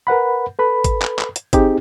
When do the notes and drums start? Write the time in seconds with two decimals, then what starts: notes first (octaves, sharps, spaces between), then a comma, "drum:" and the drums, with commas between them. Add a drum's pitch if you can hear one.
0.07 A#4 B4 F#5 B5
0.59 A4 B4 B5
0.84 drum: kick, hi-hat
1.02 drum: clap
1.19 drum: clap
1.36 drum: hi-hat
1.53 C4 D#4 G4 G#4, drum: kick, hi-hat